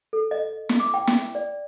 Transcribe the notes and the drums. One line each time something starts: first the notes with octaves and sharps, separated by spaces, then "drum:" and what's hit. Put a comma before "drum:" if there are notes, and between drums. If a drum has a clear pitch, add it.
A4
D#5
drum: snare
D6
G5
drum: snare
D5